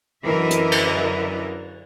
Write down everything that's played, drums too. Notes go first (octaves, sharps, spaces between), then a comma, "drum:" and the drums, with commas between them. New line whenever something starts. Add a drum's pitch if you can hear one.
F#2 D3 E3 A#4 D#5 E5
drum: hi-hat
drum: cymbal